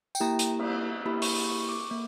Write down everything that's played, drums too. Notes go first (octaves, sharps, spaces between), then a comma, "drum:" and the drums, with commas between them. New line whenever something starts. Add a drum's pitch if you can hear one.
G5, drum: tambourine
A#3 E4 G4 A#5
drum: hi-hat
drum: cymbal
A#3 E4 G4 B5
C#6, drum: open hi-hat
B5
C#6
C#6
D6
A#3